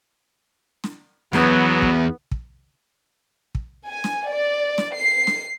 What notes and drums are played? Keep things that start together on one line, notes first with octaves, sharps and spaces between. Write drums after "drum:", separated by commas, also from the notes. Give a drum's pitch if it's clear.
drum: snare
E2 F#3 B3, drum: snare
drum: kick
drum: kick
drum: kick
G#5
drum: snare
D5
drum: snare
C7
drum: snare